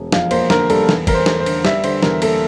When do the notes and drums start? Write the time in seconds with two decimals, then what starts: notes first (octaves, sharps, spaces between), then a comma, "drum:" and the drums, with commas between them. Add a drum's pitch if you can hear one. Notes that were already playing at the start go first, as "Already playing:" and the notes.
Already playing: E1
0.12 F2 F5, drum: snare
0.31 A#3 C5, drum: cymbal
0.50 D3 A#4, drum: snare
0.70 G3 A4, drum: cymbal
0.89 E2, drum: snare
1.07 E2 A#4, drum: kick, cymbal
1.14 C5
1.26 A3, drum: snare
1.40 C5
1.46 D3, drum: cymbal
1.65 G3 E5, drum: snare
1.84 D3 C5, drum: cymbal
2.03 E2 A#4, drum: snare
2.22 A#3 A4, drum: cymbal